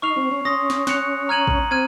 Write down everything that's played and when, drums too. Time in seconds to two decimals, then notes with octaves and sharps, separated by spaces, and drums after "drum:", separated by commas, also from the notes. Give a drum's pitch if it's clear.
0.02 D#4 C#6 F6 C7 F7
0.17 C4
0.31 C#4
0.45 C#4 C6 D#6 A#6
0.70 drum: snare
0.87 F#6 C#7 F7, drum: snare
1.29 A#5 F6 G#6 D#7 F#7
1.47 drum: kick
1.71 C4 F6 G#6 D#7